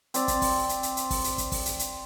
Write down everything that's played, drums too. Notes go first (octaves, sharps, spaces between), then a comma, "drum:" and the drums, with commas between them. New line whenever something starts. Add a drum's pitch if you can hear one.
C4 D5, drum: hi-hat
drum: kick, hi-hat
drum: kick, open hi-hat
drum: hi-hat
drum: hi-hat
drum: hi-hat
drum: kick, open hi-hat
drum: hi-hat
drum: kick, hi-hat
drum: kick, open hi-hat
drum: hi-hat
drum: hi-hat